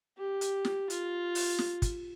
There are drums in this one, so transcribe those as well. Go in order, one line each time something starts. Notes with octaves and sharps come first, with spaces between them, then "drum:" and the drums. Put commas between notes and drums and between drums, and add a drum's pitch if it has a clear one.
G4
drum: hi-hat
drum: snare
F4, drum: hi-hat
drum: open hi-hat
drum: snare
drum: kick, hi-hat